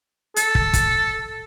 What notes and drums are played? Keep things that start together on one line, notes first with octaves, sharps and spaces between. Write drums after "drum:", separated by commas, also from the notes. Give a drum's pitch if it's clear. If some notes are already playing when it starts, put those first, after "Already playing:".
A4, drum: hi-hat
drum: kick
drum: kick, hi-hat